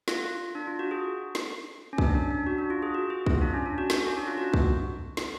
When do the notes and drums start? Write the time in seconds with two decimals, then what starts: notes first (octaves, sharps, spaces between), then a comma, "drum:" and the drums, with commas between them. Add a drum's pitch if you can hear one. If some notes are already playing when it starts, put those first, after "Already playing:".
0.08 F4, drum: snare
0.55 D4
0.67 F4
0.79 F#4
0.91 G#4
1.35 drum: snare
1.93 C#4
1.98 D4, drum: kick
2.15 D4
2.31 D4
2.47 F#4
2.58 D4
2.70 F4
2.82 G#4
2.94 F#4
3.10 G#4
3.26 F4, drum: kick
3.42 D4
3.54 C#4
3.66 D4
3.78 F#4
3.90 drum: snare
4.06 C#4
4.17 D4
4.27 F4
4.38 F#4
4.54 drum: kick
5.17 drum: snare